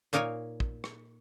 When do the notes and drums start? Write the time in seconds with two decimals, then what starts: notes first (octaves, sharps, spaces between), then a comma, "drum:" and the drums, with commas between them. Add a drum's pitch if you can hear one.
0.13 A#2 A#3 D#4 A#4 C#5 G#5
0.60 drum: kick
0.84 drum: rim click